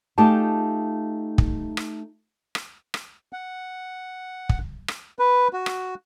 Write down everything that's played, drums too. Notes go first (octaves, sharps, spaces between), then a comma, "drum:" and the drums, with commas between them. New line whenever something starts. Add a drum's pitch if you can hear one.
A3 D#4 F4 G4 G#4 A5
drum: kick
drum: rim click
drum: rim click
drum: rim click
F#5
drum: kick
drum: rim click
B4
F#4
drum: rim click